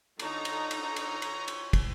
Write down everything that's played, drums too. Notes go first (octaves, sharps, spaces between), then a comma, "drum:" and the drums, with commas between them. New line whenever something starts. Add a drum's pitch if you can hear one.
D3 D#4 F4 C#5 A#5, drum: cymbal
drum: cymbal
drum: cymbal
drum: cymbal
drum: cymbal
drum: cymbal
drum: kick, cymbal